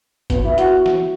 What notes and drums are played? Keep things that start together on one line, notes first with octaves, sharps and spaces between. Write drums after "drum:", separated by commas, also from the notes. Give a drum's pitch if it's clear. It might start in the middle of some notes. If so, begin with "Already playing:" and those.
B3, drum: kick, hi-hat
E4
F#4, drum: hi-hat
drum: snare